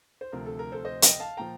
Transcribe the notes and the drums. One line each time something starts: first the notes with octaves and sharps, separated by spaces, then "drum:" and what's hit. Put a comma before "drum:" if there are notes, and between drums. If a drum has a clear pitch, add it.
C5
D2 C3 F3 A#4
A4
A#4
A4 C5
C5 D#5
D#5 G5, drum: hi-hat
F5 A5
A#2 F3 G5 A#5